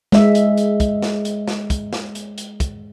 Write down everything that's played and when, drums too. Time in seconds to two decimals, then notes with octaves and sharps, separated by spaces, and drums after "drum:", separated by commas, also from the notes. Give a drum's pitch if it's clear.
0.12 G#3 E5, drum: snare
0.35 drum: hi-hat
0.57 drum: hi-hat
0.80 drum: kick, hi-hat
1.02 drum: snare
1.25 drum: hi-hat
1.48 drum: snare
1.70 drum: kick, hi-hat
1.93 drum: snare
2.15 drum: hi-hat
2.38 drum: hi-hat
2.60 drum: kick, hi-hat